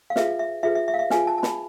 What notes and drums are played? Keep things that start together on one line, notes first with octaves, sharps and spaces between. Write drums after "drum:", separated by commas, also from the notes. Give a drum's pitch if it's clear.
F5
F4 G#4 B4 E5, drum: snare
E5
F4 G#4 B4 E5
E5
E5
F5
E5
F4 G#4 B4 G#5, drum: snare
A5
A5
B5, drum: snare